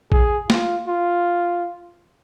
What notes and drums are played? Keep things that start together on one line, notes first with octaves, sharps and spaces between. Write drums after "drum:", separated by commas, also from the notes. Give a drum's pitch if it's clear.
G#4, drum: kick A#1
F4, drum: snare
F4